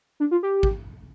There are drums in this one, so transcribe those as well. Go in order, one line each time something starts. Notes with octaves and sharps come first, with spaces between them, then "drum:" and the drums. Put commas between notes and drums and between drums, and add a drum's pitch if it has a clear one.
D4
F4
G4
drum: kick G#1